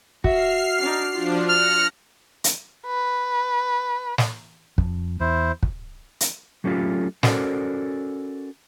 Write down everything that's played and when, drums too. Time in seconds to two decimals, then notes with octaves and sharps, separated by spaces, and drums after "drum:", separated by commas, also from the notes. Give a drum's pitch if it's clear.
0.24 F#4 E5 F6 C7, drum: kick
0.80 D4 D#4
1.13 F3 D4 F4
1.49 F6 F#6 A#6 C#7
2.44 drum: hi-hat
2.87 B4
4.18 drum: snare
4.78 F2, drum: kick
5.20 E2 E4 C5
5.63 drum: kick
6.20 drum: hi-hat
6.64 F#3 A3 C#4 E4 F4 G4
7.23 C#4 F#4 A4 A#4 C5 D5, drum: snare